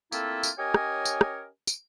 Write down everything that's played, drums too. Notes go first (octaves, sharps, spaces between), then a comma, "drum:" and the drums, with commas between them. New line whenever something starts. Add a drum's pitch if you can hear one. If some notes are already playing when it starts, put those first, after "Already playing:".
A3 A#3 C4 E4 F4 A4, drum: tambourine
drum: tambourine
C#4 G4 A#4 C#5 D#5 G#5
drum: rim click
drum: tambourine
drum: rim click
drum: tambourine